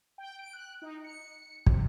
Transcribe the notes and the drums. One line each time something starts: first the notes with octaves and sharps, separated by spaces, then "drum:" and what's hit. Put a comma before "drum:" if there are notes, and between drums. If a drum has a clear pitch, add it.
G5
D7
F#6
D#4
C#7
C3, drum: kick